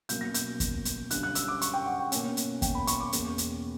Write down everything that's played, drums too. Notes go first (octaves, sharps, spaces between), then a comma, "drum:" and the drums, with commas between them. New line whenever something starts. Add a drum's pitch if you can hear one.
B2 F#3 A#3 C#4 G6, drum: hi-hat
A#6
G6, drum: hi-hat
drum: kick, hi-hat
drum: hi-hat
F#2 D3 G3 C#4 F#6, drum: hi-hat
F#6
E6, drum: hi-hat
D6
C#6, drum: hi-hat
G5
F#5
G5
B2 A#3 C#4, drum: hi-hat
drum: hi-hat
G5, drum: kick, hi-hat
B5
C#6, drum: hi-hat
D6
E2 B2 A#3 C#4, drum: hi-hat
drum: hi-hat